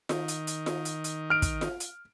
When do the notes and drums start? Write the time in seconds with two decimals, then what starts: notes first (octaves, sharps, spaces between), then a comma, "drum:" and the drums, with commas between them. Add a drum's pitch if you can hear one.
0.09 D#3, drum: snare F4
0.28 drum: hi-hat
0.47 drum: hi-hat
0.66 drum: snare F4
0.85 drum: hi-hat
1.04 drum: hi-hat
1.30 F6 D7
1.42 drum: kick, hi-hat
1.61 drum: snare F4
1.80 drum: hi-hat